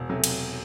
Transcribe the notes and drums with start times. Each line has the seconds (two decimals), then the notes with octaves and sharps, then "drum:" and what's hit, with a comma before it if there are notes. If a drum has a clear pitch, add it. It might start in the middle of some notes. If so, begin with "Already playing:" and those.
Already playing: E1
0.09 C3 F#3 A3
0.24 drum: cymbal